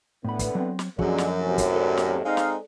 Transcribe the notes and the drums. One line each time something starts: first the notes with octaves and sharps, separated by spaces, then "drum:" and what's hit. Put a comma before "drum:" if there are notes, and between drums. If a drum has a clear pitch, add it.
A2 D3 E3 B3 B5
drum: kick, hi-hat
F#3 C4
drum: snare
F#2 A#2 D3 F3 G#3 F#4, drum: kick
drum: snare
D#2 A2 C3
drum: kick, hi-hat
A4 D5
drum: snare
G#3 C4 D#4 F5
drum: snare